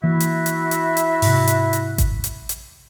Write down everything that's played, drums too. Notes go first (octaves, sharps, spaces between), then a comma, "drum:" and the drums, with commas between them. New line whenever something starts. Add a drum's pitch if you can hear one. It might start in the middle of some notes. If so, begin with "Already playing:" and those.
E3 A#3 E4 F#4 E5
drum: hi-hat
drum: hi-hat
drum: hi-hat
drum: hi-hat
G#2 C3, drum: open hi-hat
drum: hi-hat
drum: hi-hat
drum: kick G#1, hi-hat
drum: hi-hat
drum: hi-hat